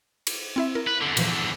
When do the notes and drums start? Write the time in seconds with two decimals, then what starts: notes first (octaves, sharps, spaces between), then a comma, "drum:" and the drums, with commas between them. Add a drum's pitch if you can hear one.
0.27 drum: cymbal
0.56 C4 E4 E5
0.75 E4 A#4
0.87 B4
1.01 E2 D3
1.17 A#2 E3 F3, drum: cymbal